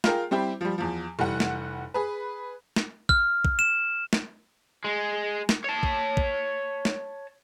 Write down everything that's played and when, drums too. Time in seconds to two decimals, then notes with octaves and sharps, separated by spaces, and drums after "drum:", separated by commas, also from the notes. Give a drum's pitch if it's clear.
0.04 F4 G#4 A#4 G5, drum: snare
0.31 G3 C4 E4 G4
0.61 F3 G3
0.78 E2 F3
1.19 F1 E3 G3 F#5
1.40 drum: snare
1.94 G#4 B4
2.76 drum: snare
3.09 F6, drum: kick
3.45 drum: kick
3.59 E7
4.13 drum: snare
4.84 G#3
5.49 drum: snare
5.64 C#5 A5
5.83 drum: kick
6.17 drum: kick
6.85 drum: snare